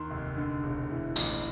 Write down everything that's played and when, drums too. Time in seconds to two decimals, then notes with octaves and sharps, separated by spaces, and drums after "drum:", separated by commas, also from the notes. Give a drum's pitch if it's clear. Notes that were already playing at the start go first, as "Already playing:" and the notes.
Already playing: D#2 D#3 C6
0.10 F1
0.37 D3
0.63 E1
0.90 E3
1.16 A1, drum: tambourine